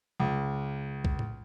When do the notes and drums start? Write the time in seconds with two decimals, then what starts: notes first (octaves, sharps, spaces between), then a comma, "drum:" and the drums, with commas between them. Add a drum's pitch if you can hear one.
0.20 C#2
1.05 drum: kick B1
1.19 drum: tom A2